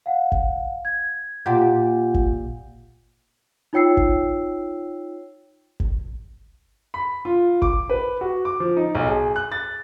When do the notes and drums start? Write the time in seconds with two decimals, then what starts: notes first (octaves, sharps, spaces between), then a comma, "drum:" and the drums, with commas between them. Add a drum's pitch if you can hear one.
0.06 F5 F#5
0.32 drum: kick G1
0.85 G#6
1.46 A#2 F4 G4 F#5 G6
2.14 drum: kick G1
3.73 D#4 F4 C#5 G5 E6 C7
3.97 drum: kick G1
5.80 drum: kick G1
6.94 B5
7.25 F4
7.62 D6, drum: kick G1
7.90 B4
8.21 F#4
8.45 D6
8.60 F3
8.77 D#4
8.95 B1
9.07 G#4
9.36 F#6
9.52 A6